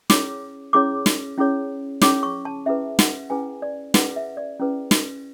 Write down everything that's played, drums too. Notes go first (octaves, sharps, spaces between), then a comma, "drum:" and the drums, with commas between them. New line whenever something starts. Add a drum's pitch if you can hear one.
C#4 E4 G#4 C#5 D6, drum: snare
C#4 E4 G#4 C#5 D6
drum: snare
C#4 E4 G#4 C#5
C#4 E4 G#4 C#5 D6, drum: snare
C#6
A5
C#4 E4 G#4 B4 E5
F#5, drum: snare
C#4 E4 G#4 B4 G#5
D5
C#4 E4 G#4 B4 F#5, drum: snare
E5
D5
C#4 E4 G#4 B4
drum: snare